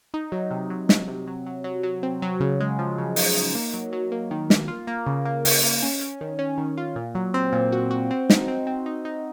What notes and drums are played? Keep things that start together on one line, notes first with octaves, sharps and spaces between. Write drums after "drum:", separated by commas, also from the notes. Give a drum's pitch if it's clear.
D#4
F#3
C3
F#3
F#3, drum: snare
C3
F#3
F#3
F#3
F#3
C4
F#3
C#3
G#3
F3
C#3
D#4, drum: open hi-hat
D#4
A#3
F#3
F#3
A#3
D#3
A#3, drum: snare
F4
A#3
C#3
A#3
C#3, drum: open hi-hat
A#3
C#4
C#4
D#3
C#4
D#3
F4
A#2
F#3
C4
A#2
F#4
F#4
C4
D#4, drum: snare
C4
C4
D#4
D#4